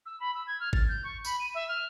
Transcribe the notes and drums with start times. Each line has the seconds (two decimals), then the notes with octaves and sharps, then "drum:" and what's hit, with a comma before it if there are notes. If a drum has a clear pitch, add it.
0.05 E6
0.20 B5
0.34 E6
0.47 G#6
0.60 F6
0.73 A6, drum: kick G#1
0.88 G6
1.04 C#6
1.25 B5, drum: tambourine
1.39 D#7
1.54 E5
1.68 F6